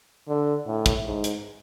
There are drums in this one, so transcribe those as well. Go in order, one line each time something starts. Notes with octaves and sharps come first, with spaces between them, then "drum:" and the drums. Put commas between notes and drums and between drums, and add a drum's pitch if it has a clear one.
D3
A2
drum: kick, hi-hat
G#2
drum: hi-hat